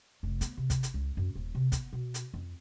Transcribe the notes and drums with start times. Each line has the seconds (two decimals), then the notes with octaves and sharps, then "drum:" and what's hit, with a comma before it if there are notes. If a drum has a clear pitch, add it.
0.23 F1
0.41 B3, drum: hi-hat
0.57 C3
0.70 drum: kick, hi-hat
0.83 drum: hi-hat
0.94 C#2
1.17 F#2
1.35 D#1
1.55 C3
1.72 B3, drum: kick, hi-hat
1.93 B2
2.14 drum: hi-hat
2.34 F2